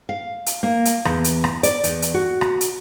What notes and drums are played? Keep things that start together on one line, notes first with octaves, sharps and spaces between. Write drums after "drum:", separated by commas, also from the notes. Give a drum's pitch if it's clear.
F5
drum: hi-hat
A#3
drum: hi-hat
E2, drum: rim click
drum: hi-hat
drum: rim click
D5, drum: hi-hat
E2, drum: hi-hat
drum: hi-hat
F#4
drum: rim click
drum: hi-hat